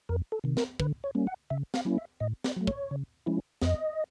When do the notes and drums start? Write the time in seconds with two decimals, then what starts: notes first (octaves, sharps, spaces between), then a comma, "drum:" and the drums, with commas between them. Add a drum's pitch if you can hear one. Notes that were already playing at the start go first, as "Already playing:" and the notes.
0.09 F2 A#4
0.32 A4
0.44 C3 D#3
0.57 A#4, drum: snare
0.80 D3 B4, drum: kick
1.04 C#5
1.15 G3 A#3 C#4
1.27 F#5
1.50 C#3 E5
1.74 F5, drum: snare
1.85 F#3 A#3 C#4 E4
1.98 E5
2.20 A2 D#5
2.44 D5, drum: snare
2.57 F#3 A3
2.67 C#5, drum: kick
2.91 C#3
3.26 F3 G#3 C#4 E4
3.62 F2 D#5, drum: snare